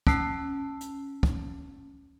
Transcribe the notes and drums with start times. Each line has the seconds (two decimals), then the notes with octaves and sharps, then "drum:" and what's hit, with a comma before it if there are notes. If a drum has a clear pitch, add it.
0.07 C#4 A5 E6 C7, drum: kick
0.81 drum: hi-hat
1.23 drum: kick